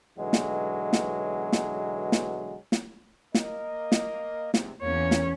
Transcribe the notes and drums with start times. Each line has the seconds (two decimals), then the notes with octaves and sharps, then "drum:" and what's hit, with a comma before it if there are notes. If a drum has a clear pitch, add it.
0.18 B1 B2 D3 E3 F#3 G#3
0.33 drum: snare
0.93 drum: snare
1.52 drum: snare
2.12 drum: snare
2.72 drum: snare
3.35 A#3 A#4 D#5, drum: snare
3.92 drum: snare
4.54 E2 G#2 C3, drum: snare
4.83 E2 E3 A#3 C#4 C#5
5.11 drum: snare